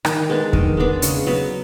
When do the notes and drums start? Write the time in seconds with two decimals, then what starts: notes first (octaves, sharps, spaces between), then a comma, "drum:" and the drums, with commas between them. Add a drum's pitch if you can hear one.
0.05 D#3, drum: rim click
0.30 G#3 B3 D4
0.53 D#3, drum: kick E2
0.77 G#3 B3 D4
1.02 C#3, drum: hi-hat
1.26 F#3 B3